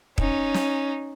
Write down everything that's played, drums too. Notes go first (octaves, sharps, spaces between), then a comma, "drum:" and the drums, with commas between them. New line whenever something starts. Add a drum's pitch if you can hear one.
C#4 D#4, drum: kick
drum: snare